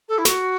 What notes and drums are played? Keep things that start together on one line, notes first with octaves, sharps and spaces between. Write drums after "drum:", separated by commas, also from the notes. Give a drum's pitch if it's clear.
A4
E4
F#4, drum: snare